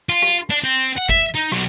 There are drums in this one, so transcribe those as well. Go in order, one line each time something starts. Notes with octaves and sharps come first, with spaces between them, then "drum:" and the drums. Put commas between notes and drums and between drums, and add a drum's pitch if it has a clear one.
F4
drum: rim click
D4
C4
F#5
E5, drum: kick, hi-hat
D#4
B1, drum: rim click